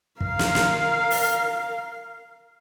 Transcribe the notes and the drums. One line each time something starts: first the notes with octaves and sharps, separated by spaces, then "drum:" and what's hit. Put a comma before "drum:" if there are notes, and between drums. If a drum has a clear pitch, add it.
A#4 F5, drum: kick
drum: snare
drum: snare
drum: open hi-hat